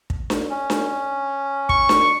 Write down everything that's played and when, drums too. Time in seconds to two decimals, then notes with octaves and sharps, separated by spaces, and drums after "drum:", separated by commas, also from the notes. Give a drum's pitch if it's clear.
0.10 drum: kick
0.30 drum: snare D4
0.50 C#4
0.70 drum: snare D4
1.69 C#6, drum: kick
1.89 drum: snare D4